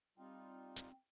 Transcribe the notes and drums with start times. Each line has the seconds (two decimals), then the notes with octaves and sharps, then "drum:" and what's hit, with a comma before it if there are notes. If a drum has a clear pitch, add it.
0.18 G3 C4 D#4 F4
0.76 drum: hi-hat